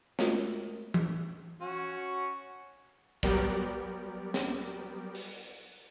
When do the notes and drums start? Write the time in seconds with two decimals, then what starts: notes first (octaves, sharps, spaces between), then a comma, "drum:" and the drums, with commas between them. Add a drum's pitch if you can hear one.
0.19 G#3 A3 F4 F#4 A#4, drum: snare
0.94 drum: tom E3
1.61 C#4 F#4
3.23 F#3 G3 B3 G4 A#4 D5, drum: kick
4.34 drum: snare
5.15 drum: open hi-hat